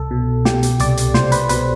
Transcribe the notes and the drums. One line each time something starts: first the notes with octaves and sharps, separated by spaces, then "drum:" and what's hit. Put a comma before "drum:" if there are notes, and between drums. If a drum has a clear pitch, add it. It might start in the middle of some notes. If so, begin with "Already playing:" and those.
Already playing: C2 A4
B2
B2 G4, drum: snare
drum: hi-hat
C2 D5, drum: hi-hat
drum: hi-hat
C2 C5, drum: snare
B4, drum: hi-hat
B2 B4, drum: hi-hat